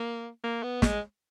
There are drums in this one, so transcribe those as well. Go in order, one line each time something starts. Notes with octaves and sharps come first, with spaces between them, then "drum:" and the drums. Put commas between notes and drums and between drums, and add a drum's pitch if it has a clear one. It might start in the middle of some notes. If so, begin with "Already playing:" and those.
Already playing: A#3
A#3
B3
G#3, drum: snare